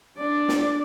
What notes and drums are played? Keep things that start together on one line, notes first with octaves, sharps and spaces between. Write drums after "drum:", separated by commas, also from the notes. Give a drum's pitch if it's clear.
D4 D5
drum: snare